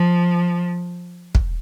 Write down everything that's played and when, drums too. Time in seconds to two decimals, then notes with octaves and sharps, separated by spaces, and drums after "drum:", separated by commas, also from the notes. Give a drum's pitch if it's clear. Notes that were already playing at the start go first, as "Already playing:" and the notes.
Already playing: F3
1.35 drum: kick